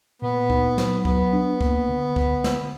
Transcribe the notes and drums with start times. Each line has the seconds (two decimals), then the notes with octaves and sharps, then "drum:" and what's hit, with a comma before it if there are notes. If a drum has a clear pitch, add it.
0.22 A#2 B3
0.50 D#4, drum: kick C#2
0.78 F#3, drum: snare
1.05 F#3 B3, drum: kick C#2
1.33 D4
1.61 A#3, drum: kick C#2
1.89 D3
2.16 D3, drum: kick C#2
2.44 G#3, drum: snare